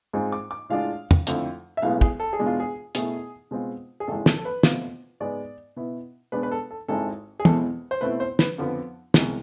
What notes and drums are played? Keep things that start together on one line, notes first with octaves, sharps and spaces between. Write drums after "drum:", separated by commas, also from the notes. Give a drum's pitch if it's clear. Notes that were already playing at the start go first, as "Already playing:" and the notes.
G#2 G#3 C4 F4
D6
D6
A2 G#3 D4 F4 F5
drum: tom
F2 D3 A3 C4 E4, drum: hi-hat
E5
B1 A2 G#3 B3 E4 F5
G#4, drum: kick
A4
G#4
E2 B2 G#3 D4
F4
G#4
B2 A3 E4 G#4, drum: hi-hat
B2 G#3 C4 F4
G#4
G#1 G#2 E3 G#3 A4
A4, drum: snare
A4
B4
B2 A3 C4 F4, drum: snare
G#2 G#3 B3 D5
B2 B3 E4
B2 G#3 B3 D4 B4
B4
A4
A4
G#1 G#2 G#3 C4 E4 A4
G#4
E2 B2 G#3 C4 A4, drum: tom
C5
B2 A3 C4 E4 B4
C5
B4, drum: snare
F2 D3 F3 B3
C2 B2 G#3, drum: snare